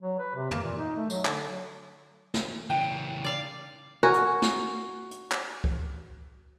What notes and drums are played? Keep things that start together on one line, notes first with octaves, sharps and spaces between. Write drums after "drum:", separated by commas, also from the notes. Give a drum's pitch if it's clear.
F#3
B4
C3
A#3, drum: tom
A#2
D#4
A3
F#3, drum: tambourine
D3, drum: clap
F#3
drum: snare
C#3 E3 G5
D5 F5
F#4 A#4 G#5
drum: hi-hat
drum: snare
drum: hi-hat
drum: clap
drum: kick C#2